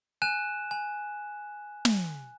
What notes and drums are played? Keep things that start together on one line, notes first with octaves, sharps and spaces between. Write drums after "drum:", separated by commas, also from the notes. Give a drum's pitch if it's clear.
G#5 F#6 E7
G#5
drum: snare